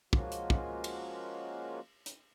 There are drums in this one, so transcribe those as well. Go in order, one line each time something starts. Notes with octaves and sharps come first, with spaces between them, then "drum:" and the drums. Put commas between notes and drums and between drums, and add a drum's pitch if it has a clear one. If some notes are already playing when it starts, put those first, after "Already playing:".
F3 G#3 A#3 C#4 F4 F#4, drum: kick
drum: hi-hat
drum: kick
drum: cymbal
drum: hi-hat